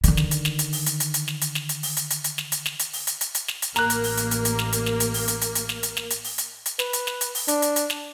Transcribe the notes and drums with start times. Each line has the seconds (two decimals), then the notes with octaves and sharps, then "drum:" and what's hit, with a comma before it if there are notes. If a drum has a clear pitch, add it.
0.04 D3 D#3, drum: hi-hat
0.17 drum: snare
0.31 drum: hi-hat
0.45 drum: snare
0.59 drum: hi-hat
0.73 drum: open hi-hat
0.86 drum: hi-hat
1.00 drum: hi-hat
1.14 drum: hi-hat
1.28 drum: snare
1.42 drum: hi-hat
1.55 drum: snare
1.69 drum: hi-hat
1.83 drum: open hi-hat
1.97 drum: hi-hat
2.11 drum: hi-hat
2.24 drum: hi-hat
2.38 drum: snare
2.52 drum: hi-hat
2.66 drum: snare
2.80 drum: hi-hat
2.93 drum: open hi-hat
3.07 drum: hi-hat
3.21 drum: hi-hat
3.35 drum: hi-hat
3.49 drum: snare
3.62 drum: hi-hat
3.76 A1 A#3 A#5 F#6, drum: snare
3.90 drum: hi-hat
4.04 drum: open hi-hat
4.17 drum: hi-hat
4.31 drum: hi-hat
4.45 drum: hi-hat
4.59 drum: snare
4.73 drum: hi-hat
4.86 drum: snare
5.00 drum: hi-hat
5.14 drum: open hi-hat
5.28 drum: hi-hat
5.42 drum: hi-hat
5.55 drum: hi-hat
5.69 drum: snare
5.83 drum: hi-hat
5.97 drum: snare
6.11 drum: hi-hat
6.24 drum: open hi-hat
6.38 drum: hi-hat
6.66 drum: hi-hat
6.79 B4, drum: snare
6.93 drum: hi-hat
7.07 drum: snare
7.21 drum: hi-hat
7.35 drum: open hi-hat
7.48 D4, drum: hi-hat
7.62 drum: hi-hat
7.76 drum: hi-hat
7.90 drum: snare